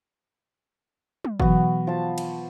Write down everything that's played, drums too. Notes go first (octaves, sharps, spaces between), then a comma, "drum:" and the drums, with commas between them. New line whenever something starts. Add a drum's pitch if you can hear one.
drum: tom
B2 E3 F#3 B3 F#4, drum: kick G1
F3 A5
drum: cymbal